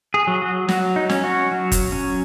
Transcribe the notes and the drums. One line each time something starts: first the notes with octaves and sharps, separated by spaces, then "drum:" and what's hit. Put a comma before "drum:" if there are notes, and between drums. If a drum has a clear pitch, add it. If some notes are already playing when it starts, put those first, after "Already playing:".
G#4
F#3
F#4
F#3 F#4, drum: snare
D#4
C#4, drum: snare
F#4
F#3
drum: kick F1, hi-hat
C#4